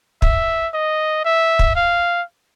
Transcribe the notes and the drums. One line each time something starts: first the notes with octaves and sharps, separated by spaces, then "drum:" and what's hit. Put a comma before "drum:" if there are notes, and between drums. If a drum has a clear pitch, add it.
E5, drum: kick
D#5
E5
drum: kick
F5